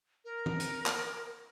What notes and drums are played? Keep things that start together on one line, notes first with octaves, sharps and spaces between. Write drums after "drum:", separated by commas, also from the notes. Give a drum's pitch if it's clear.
A#4
drum: tom E3
drum: hi-hat
drum: clap